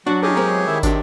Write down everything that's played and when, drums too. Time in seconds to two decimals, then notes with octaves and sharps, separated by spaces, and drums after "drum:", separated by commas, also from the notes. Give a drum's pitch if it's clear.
0.07 F#3 D4 F#4
0.23 A#3 C#4 D#4 G4 G#4 C#5, drum: tom
0.36 G#3 C4 A#4
0.52 B2 E3
0.68 D#3 E4
0.83 C3 F#3 D4 G4, drum: kick, tambourine